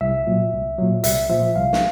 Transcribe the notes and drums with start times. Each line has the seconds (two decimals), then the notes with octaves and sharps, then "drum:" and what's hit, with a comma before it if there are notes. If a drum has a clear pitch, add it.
0.01 C2 E5
0.27 A#2 F#3
0.52 C2
0.78 A#2 F#3
1.04 C2 E5, drum: hi-hat
1.29 A#2 F3 E5
1.56 C2 F5
1.73 drum: snare